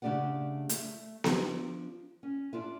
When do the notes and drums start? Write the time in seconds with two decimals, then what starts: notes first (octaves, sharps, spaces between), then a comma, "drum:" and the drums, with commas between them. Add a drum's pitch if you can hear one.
0.02 C#3 A3 D4 G4 D5 F#5
0.69 A3, drum: hi-hat
1.24 F3 D4, drum: snare B3
2.23 C#4
2.53 D4 F4 E5